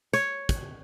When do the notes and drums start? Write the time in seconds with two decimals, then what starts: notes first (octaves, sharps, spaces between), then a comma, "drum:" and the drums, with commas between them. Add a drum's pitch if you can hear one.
0.13 C#5, drum: hi-hat
0.49 drum: kick, hi-hat